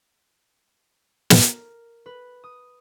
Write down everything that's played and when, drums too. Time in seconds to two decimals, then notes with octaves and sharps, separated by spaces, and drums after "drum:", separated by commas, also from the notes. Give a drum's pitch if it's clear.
1.30 A#4, drum: snare
2.06 B4
2.44 D#6